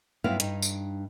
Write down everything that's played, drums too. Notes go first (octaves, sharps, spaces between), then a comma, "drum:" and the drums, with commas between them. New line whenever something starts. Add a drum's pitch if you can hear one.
G2 F#3 B3 E4 C5 F5
G2 D#4, drum: hi-hat
drum: tambourine